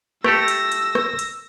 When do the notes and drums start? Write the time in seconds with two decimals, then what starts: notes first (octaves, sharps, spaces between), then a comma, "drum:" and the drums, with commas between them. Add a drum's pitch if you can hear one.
0.24 A3 G4 A4 E6 A#6, drum: rim click
0.48 drum: hi-hat
0.72 drum: hi-hat
0.95 drum: rim click
1.19 drum: hi-hat